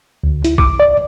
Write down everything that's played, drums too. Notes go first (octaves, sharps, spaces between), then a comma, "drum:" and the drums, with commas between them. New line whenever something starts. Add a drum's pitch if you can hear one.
D2
E4, drum: hi-hat
D6, drum: kick
D5